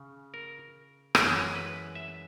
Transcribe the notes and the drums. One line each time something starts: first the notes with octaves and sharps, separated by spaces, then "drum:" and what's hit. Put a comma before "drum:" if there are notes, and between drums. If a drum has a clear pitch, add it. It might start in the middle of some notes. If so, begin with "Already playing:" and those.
Already playing: C#3
A#4
F#2 E3 G#3 A#4, drum: rim click
B4
E5